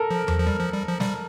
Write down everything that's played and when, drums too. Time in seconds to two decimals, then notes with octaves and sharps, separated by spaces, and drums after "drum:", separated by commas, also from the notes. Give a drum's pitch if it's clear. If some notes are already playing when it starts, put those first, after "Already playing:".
Already playing: A4 A#4
0.11 F3
0.28 F3, drum: tom E2
0.39 F3
0.47 G3
0.60 F3
0.73 G3
0.88 F3
1.00 G3, drum: snare